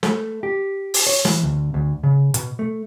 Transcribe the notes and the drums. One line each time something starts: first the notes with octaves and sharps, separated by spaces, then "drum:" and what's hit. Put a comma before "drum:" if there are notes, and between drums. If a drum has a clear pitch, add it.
A3, drum: snare
G4
drum: open hi-hat
C#5
E3, drum: snare
D2
D2
C#3
B2, drum: hi-hat
A3